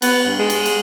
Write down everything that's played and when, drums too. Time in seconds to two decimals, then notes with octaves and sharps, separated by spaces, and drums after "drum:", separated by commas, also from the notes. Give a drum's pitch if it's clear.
0.02 B3, drum: cymbal
0.27 G2
0.39 G#3
0.50 drum: cymbal
0.66 drum: cymbal